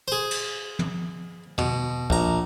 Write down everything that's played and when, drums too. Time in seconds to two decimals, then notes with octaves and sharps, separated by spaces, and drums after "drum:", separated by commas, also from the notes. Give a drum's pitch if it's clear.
0.08 G#4 C5
0.31 drum: cymbal
0.79 drum: tom
1.58 B2, drum: tom
2.10 A#1 A#5, drum: kick